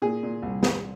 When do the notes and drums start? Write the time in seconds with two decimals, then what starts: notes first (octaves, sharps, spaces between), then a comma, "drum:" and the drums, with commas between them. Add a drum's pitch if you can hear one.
0.02 A#2 G#4
0.23 A#2
0.42 C2
0.63 C2, drum: snare